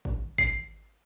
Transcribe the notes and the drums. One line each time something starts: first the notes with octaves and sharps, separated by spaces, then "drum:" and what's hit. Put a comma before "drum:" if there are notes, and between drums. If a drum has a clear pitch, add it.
drum: kick G#1
C7, drum: kick G#1